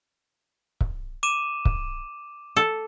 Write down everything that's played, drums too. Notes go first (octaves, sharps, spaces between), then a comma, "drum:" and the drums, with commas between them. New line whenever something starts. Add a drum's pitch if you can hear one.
drum: kick C#1
D6 D#7 E7
drum: kick C#1
A4